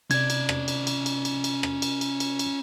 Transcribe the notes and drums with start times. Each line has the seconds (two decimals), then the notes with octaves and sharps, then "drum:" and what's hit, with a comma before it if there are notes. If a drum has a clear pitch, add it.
0.11 C3 C#4 D5 G#6, drum: cymbal
0.30 drum: cymbal
0.49 drum: rim click
0.68 drum: cymbal
0.87 drum: cymbal
1.06 drum: cymbal
1.25 drum: cymbal
1.44 drum: cymbal
1.63 drum: rim click
1.82 drum: cymbal
2.01 drum: cymbal
2.20 drum: cymbal
2.39 drum: cymbal